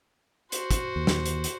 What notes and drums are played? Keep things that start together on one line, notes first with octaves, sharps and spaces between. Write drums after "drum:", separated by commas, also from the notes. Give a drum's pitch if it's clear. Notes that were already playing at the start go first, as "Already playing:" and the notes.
F#4 C5, drum: hi-hat
drum: kick, hi-hat
D#2
drum: snare
drum: hi-hat
drum: hi-hat